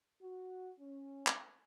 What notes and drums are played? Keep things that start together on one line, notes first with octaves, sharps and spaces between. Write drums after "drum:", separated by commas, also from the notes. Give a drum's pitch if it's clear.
F#4
C#4
drum: clap